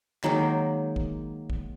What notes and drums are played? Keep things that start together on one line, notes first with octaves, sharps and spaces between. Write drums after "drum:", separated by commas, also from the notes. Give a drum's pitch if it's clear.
D#3 F#3 G#3 A#3, drum: clap
drum: kick
drum: kick